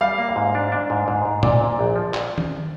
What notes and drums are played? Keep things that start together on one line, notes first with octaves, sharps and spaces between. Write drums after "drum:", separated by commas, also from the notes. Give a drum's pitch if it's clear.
G3 F5
A#3
F5
G#2
D4
D4
G#2
G#2
G#2
A#2 D5, drum: tom A#2
A#2
A#1
F3
drum: clap
drum: tom D#3